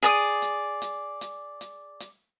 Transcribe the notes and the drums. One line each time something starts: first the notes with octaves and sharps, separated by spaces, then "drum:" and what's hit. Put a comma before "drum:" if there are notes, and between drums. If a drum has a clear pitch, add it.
G#4 D5 D#6, drum: hi-hat
drum: hi-hat
drum: hi-hat
drum: hi-hat
drum: hi-hat
drum: hi-hat